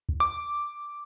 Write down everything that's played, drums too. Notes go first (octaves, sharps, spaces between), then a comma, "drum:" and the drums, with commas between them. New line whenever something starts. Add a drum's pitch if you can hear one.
drum: kick
D6